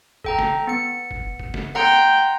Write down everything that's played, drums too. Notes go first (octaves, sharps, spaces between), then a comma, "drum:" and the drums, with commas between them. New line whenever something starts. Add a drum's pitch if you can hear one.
A4 G5 A#5, drum: kick
drum: snare
B3 C#7
drum: kick
drum: kick
drum: snare
F#5 G5 A#5 C6